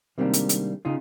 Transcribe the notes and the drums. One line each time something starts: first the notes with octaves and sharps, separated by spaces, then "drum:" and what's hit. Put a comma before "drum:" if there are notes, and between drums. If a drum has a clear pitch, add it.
C3 D#3 G3 G#3 A#3 D4
drum: hi-hat
drum: hi-hat
C#3 D#4 F4